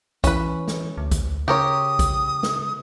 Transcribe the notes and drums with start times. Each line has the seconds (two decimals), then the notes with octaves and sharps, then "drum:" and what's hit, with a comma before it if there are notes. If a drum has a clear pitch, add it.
0.24 E3 C#4 B4, drum: kick, hi-hat
0.68 drum: snare
0.98 D2
1.11 drum: kick, hi-hat
1.48 C#3 G4 A#4 C#5 D#6
1.99 drum: kick, hi-hat
2.43 drum: snare